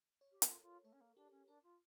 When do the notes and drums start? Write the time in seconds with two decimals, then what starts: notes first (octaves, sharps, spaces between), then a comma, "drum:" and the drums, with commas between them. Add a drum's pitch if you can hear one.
0.21 C#5
0.31 G4
0.42 F4, drum: hi-hat
0.48 A4
0.53 A#4
0.62 F4
0.84 A3 C#5
0.93 C#4
1.01 A#3
1.16 D4 G4
1.31 C#4
1.47 D4 A#4
1.63 F4